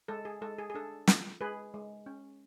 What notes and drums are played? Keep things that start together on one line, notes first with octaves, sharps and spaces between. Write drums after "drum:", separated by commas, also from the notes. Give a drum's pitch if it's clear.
G#3 A4
G#4
G#3 A4
G#4
G#4
D4 A4
F4, drum: snare
G#3 G#4 B4
G#3
C#4